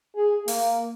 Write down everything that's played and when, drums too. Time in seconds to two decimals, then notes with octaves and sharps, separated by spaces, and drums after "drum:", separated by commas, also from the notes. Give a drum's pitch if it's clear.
0.16 G#4
0.48 A#3, drum: open hi-hat